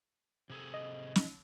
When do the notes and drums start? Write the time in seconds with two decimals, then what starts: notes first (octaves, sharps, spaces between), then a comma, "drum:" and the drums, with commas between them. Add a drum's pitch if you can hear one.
0.50 C3 G#4 A4
0.74 D#5
1.16 drum: snare